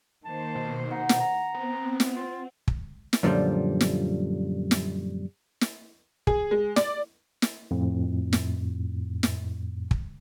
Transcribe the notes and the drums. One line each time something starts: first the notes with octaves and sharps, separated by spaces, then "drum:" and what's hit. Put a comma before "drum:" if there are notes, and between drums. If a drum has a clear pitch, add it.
D#3 A#3 C5 A5
B2
D#4 F#5
drum: snare
A#5
B3 C4
drum: snare
F4
drum: kick
drum: snare
F#2 A#2 D3 D#3 F3 G3
drum: snare
drum: snare
drum: snare
G#4, drum: kick
G#3
D5, drum: snare
drum: snare
F2 A2
drum: snare
drum: snare
drum: kick